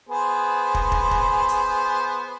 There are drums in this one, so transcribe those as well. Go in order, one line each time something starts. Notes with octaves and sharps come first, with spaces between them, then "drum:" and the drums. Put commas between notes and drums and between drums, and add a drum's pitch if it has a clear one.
B3 G#4 C5
drum: kick
drum: kick
drum: kick
drum: hi-hat